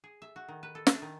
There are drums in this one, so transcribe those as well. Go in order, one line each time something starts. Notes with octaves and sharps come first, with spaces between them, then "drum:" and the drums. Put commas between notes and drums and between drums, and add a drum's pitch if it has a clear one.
G#4
E5
F#4
D#3
B4
A4
D4, drum: snare
D#3